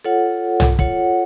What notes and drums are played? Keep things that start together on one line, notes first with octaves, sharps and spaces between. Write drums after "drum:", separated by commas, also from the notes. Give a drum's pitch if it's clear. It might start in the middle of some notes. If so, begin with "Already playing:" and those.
F4 A4 C#5 F#5
drum: tom B1
F4 A4 C#5 F#5, drum: kick